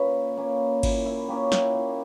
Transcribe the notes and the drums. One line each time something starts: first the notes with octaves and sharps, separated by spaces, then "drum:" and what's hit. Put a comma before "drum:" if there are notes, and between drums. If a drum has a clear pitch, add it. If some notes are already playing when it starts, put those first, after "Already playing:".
Already playing: A#2 A#3 C#4 B4 C#5
A#3 C#4
A#2 E4, drum: kick G#1, cymbal
E4
A#3 C#4 G4
E4, drum: snare
A#2